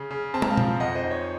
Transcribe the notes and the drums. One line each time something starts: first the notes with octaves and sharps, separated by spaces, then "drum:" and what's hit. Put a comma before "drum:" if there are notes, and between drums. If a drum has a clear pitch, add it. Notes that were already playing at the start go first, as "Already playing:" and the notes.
Already playing: C#3
C#3
C4 A5
A#5, drum: tom
F5 A5
F3, drum: tom B2
F2 D#5 F#5
C5 D#5
D#4
C#5